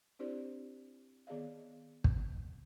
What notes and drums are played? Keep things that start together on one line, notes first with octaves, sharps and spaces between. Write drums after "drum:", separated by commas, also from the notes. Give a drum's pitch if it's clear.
C4 D4 E4 G4 C5 D5
D#3 B3 G#4 D5 D#5 F5
drum: kick